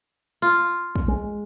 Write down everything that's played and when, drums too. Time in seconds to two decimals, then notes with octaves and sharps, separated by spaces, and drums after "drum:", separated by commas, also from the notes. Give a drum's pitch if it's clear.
0.42 F4
0.95 drum: kick
1.08 G#3